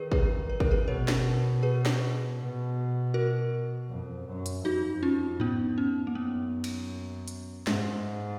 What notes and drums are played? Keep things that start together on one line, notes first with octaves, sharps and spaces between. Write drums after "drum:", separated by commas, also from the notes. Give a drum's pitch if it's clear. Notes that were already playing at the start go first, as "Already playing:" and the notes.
Already playing: D#3 G#4 B4
G#4 B4, drum: kick
B4
A#4, drum: kick
G#4 B4
B2 A#4 C#5
drum: snare
G#4 B4
drum: snare
B2
F#4 A#4
F2
F#2
drum: hi-hat
F2 D#4 F#4
C#4 F4
B3 D#4, drum: tom G#2
C#4
A#3
F#2 B3
drum: cymbal
drum: hi-hat
G#2 G#3, drum: snare